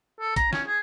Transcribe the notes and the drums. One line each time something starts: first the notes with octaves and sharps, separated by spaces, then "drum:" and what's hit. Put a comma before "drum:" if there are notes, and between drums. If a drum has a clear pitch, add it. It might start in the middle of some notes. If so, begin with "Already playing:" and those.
A4
A#5, drum: kick, hi-hat
C#4, drum: snare
G#4